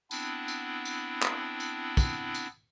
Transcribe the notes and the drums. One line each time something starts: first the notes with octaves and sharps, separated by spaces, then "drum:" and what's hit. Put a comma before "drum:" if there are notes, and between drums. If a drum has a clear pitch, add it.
B3 C4 D4 E4, drum: tambourine
drum: tambourine
drum: tambourine
drum: clap
drum: tambourine
drum: kick, tambourine
drum: tambourine